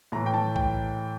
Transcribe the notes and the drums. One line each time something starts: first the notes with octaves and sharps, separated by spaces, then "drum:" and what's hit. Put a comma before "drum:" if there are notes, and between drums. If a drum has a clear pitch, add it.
A2 E3 A#5
G5
A5, drum: tom D#3
G5, drum: kick A#1